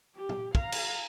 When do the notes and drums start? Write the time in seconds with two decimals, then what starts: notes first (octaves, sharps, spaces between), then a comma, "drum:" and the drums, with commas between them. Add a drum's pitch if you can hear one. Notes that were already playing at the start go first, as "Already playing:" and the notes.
0.16 G4
0.29 drum: tom
0.55 F5 A#5, drum: kick
0.72 drum: cymbal